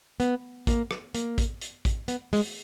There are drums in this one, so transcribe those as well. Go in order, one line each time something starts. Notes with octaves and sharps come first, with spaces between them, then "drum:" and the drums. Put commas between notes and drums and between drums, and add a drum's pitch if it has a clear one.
B3, drum: hi-hat
A#3, drum: kick, hi-hat
drum: rim click
A#3, drum: hi-hat
drum: kick, hi-hat
drum: hi-hat
drum: kick, hi-hat
B3, drum: hi-hat
G#3, drum: open hi-hat